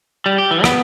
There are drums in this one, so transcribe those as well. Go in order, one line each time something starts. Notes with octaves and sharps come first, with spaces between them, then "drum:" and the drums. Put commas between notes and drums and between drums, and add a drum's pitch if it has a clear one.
G3
G4
E3
B3, drum: rim click